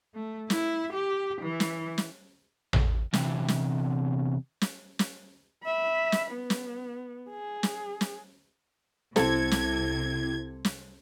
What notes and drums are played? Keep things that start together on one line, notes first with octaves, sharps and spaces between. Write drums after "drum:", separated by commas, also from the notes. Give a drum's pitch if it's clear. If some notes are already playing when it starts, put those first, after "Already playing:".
A3
E4, drum: snare
G4
E3
drum: snare
drum: snare
drum: tom A1
E2 C3, drum: snare
drum: snare
drum: snare
drum: snare
E5 B5
drum: snare
B3
drum: snare
G#4
drum: snare
drum: snare
C2 C3 C4 E4 A4 G#6, drum: snare
drum: snare
drum: snare